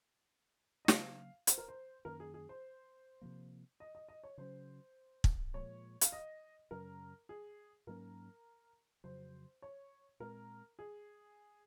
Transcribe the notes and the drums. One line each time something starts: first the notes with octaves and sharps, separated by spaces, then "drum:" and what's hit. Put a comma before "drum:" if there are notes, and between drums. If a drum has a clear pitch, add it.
D#5
C#3 F#3 A#3 C#4 F5, drum: snare
C5, drum: hi-hat
A#4
C5
F#2 D#3 A#3 C#4 A#4
G#4
G#4
C5
C3 F3 A#3
D#5
D#5
D#5
C#5
C#3 F#3 C#4 C5
drum: kick
A#2 F3 G#3 C#5
F5, drum: hi-hat
D#5
F#2 C#3 F#3 C#4 A#4
G#4
G#2 F#3 A#3 C#4 A#4
F2 C#3 F#3 C5
C#5
A#2 G#3 C4 A#4
G#4